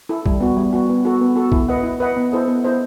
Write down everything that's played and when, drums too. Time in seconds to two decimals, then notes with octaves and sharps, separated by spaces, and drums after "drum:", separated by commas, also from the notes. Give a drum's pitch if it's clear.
0.09 E4 A4
0.26 G3, drum: kick B1
0.40 B3 F#4
0.57 G3
0.73 B3 F#4
0.89 B3
1.05 F#4 A4
1.21 B3
1.36 F#4 A4
1.52 E4, drum: kick B1
1.68 B4 D#5 F#5
1.83 E4
2.00 B4 D#5 F#5
2.16 B3
2.32 E4 A4 C5 D#5
2.48 B3
2.64 E4 A4 C5 D#5